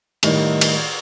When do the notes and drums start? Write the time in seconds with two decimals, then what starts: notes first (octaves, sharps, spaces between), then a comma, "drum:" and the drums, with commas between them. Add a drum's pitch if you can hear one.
0.23 A2 D#3 G3 D#4, drum: cymbal
0.61 drum: cymbal